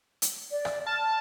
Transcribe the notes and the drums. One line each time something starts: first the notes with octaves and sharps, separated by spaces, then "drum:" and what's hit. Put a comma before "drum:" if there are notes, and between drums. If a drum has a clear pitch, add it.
drum: hi-hat
D5
drum: rim click
A5 F6